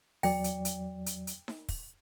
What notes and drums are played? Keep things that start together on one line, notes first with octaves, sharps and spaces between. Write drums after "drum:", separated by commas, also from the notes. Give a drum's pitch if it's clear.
E2 F#3 D5 G5, drum: open hi-hat
drum: hi-hat
drum: hi-hat
drum: hi-hat
drum: hi-hat
drum: snare D#4
drum: kick, open hi-hat